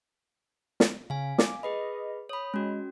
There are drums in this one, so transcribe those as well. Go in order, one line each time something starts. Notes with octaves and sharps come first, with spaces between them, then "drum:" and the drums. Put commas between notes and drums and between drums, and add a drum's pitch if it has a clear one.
drum: snare
C#3 F5 G#5
D6, drum: snare
G#4 B4 D#5 B5
C#5 B5 D#6
G#3 C#4 F#4